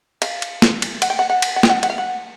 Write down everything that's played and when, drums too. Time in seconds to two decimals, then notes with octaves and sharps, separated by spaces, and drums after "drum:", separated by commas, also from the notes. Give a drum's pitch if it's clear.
0.22 F5, drum: cymbal
0.42 drum: cymbal
0.62 drum: snare
0.82 drum: cymbal
1.02 F#5, drum: cymbal
1.10 G5
1.19 F#5
1.30 F#5
1.42 drum: cymbal
1.56 F#5
1.63 G5, drum: snare
1.69 F#5
1.83 F#5, drum: cymbal
1.90 F5
1.98 F#5